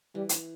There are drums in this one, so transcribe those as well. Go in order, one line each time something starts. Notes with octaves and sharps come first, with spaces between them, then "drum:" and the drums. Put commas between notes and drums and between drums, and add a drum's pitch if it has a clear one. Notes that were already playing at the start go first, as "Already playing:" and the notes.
E3 G3
drum: hi-hat